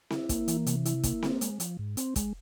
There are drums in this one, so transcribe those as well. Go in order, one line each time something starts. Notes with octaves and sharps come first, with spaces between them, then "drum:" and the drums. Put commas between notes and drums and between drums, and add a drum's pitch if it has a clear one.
E4, drum: snare C4
A#3, drum: kick, hi-hat
E3, drum: hi-hat
C3, drum: hi-hat
E4, drum: hi-hat
A#3, drum: kick, hi-hat
C4, drum: snare C4
G#3, drum: hi-hat
F3, drum: hi-hat
G#2
C4, drum: hi-hat
G#3, drum: kick, hi-hat